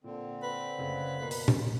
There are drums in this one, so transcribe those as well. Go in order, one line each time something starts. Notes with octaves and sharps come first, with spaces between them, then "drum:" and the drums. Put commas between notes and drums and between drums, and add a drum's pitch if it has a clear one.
A#2 D3 C4
B4
F#1 C#3 A3
B2 A#3 C7
drum: open hi-hat
drum: tom A#2